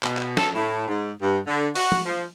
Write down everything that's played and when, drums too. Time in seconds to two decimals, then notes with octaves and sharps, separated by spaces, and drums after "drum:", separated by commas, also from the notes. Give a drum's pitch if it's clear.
0.03 B2, drum: clap
0.17 drum: clap
0.37 A4, drum: snare
0.54 A2
0.87 G#2
1.22 G2
1.47 D3
1.75 F#4, drum: open hi-hat
1.92 drum: tom
2.05 F3